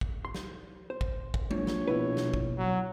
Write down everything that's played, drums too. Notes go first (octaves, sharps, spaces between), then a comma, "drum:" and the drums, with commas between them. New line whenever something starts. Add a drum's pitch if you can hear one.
drum: kick
C6
drum: snare
C5
drum: kick
drum: kick
A#1 C#5, drum: tom G#3
drum: snare
B2 E4 B4
drum: snare
drum: kick
F#3